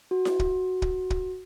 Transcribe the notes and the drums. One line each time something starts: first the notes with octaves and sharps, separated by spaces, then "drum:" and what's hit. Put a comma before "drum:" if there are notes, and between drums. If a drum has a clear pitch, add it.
F#4
drum: snare E4
drum: kick
drum: kick
drum: kick